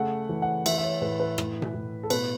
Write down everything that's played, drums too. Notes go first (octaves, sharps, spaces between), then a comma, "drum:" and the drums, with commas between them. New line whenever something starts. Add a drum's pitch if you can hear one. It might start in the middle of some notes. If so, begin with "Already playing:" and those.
Already playing: C#3 A3 F#5
E3
F#5
E3 E5, drum: cymbal
E5
C#5
A2 B4
B4
A2, drum: rim click
drum: tom B2
A2
A4
B2 B4, drum: cymbal